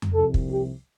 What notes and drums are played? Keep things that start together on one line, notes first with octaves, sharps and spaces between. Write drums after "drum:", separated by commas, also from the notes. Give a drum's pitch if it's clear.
drum: tom F2
C2 C3 F3 A4
drum: kick
G4